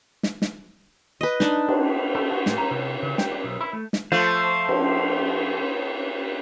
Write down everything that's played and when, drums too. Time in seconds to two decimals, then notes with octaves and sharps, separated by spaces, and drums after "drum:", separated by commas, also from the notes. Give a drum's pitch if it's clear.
0.23 drum: snare
0.42 drum: snare
1.21 B4 D#5
1.40 D4 D#4, drum: snare
1.68 drum: cymbal
2.15 A4
2.32 F#4
2.46 A2, drum: snare
2.58 A#5
2.71 C3
3.03 C#3
3.18 G5, drum: snare
3.32 D4
3.44 B1
3.61 E4
3.73 A3
3.93 drum: snare
4.12 F3 A3 F4 C5
4.69 drum: cymbal